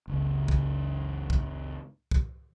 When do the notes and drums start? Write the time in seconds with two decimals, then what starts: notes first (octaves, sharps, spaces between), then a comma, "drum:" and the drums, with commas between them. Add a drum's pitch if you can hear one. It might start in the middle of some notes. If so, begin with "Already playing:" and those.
0.08 F#1 C#2
0.48 drum: kick
1.30 drum: kick
2.11 drum: kick